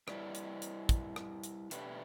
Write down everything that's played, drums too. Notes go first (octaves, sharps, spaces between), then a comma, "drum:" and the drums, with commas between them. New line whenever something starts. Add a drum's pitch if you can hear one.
G3 E4 B4 D5, drum: rim click
drum: hi-hat
drum: hi-hat
drum: kick, hi-hat
drum: rim click
drum: hi-hat
B2 A3 D4 G4 B4, drum: hi-hat